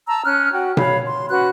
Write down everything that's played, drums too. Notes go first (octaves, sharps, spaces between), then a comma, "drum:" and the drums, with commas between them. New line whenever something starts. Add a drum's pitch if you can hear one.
A5 A#5 E6
C#4 F6 F#6
F#4 G5
C#5 F5 B5, drum: tom B2
C6
C#4 F#4 B4 F#6